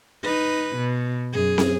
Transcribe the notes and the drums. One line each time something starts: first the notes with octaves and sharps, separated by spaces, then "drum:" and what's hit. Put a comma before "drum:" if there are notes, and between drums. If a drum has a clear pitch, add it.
D#4 B4
B2
F#2 G#4
drum: snare